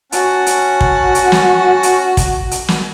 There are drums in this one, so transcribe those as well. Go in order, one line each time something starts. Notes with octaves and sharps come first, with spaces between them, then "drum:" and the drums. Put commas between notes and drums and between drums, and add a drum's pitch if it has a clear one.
C#4 F#4 F#5 A5, drum: hi-hat
drum: hi-hat
drum: kick
drum: hi-hat
drum: snare
drum: hi-hat
drum: kick, hi-hat
drum: hi-hat
drum: snare